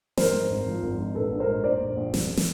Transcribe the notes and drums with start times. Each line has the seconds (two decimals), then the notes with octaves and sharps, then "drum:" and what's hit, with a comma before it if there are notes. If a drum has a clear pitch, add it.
0.17 G#2 A#4 C5, drum: snare
0.34 G#2
0.50 G#1
0.67 F3
0.83 G#1
0.99 G#2
1.15 A#1 A4 B4
1.32 A#1
1.40 A#4 C5
1.48 G#2
1.64 A#1 C5 D5
1.80 A#1
1.96 A#1
2.14 C2, drum: snare
2.37 drum: snare